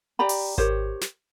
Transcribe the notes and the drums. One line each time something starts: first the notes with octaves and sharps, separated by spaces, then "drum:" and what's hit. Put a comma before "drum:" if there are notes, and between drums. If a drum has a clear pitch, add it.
G4 D5 A#5 B5
drum: open hi-hat
G4 A#4 C5 C#5, drum: kick G#1
drum: snare